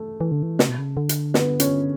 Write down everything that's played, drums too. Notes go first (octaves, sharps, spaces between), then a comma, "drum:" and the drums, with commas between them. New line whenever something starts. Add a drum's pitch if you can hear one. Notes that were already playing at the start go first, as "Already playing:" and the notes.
Already playing: A3
E3
D3
E3
C#3, drum: snare
B2
C#3
D3
drum: hi-hat
B3, drum: snare
C#4, drum: hi-hat